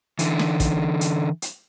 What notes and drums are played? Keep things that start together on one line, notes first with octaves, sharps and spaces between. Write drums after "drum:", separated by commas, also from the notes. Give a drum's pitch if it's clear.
D3 E3, drum: hi-hat
drum: snare
drum: kick, hi-hat
drum: hi-hat
drum: hi-hat